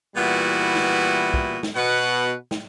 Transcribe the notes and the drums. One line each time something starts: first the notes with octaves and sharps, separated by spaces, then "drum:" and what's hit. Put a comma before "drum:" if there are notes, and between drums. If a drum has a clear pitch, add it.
A#2 E3 G3 B3 E4 F#4
drum: snare
drum: kick
drum: snare
B2 B4 F#5
drum: snare